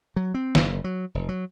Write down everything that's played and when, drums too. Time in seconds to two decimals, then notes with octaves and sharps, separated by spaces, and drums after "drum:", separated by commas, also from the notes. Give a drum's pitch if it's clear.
0.16 F#3
0.34 C4
0.55 F#1, drum: snare
0.84 F#3
1.15 F1
1.29 F#3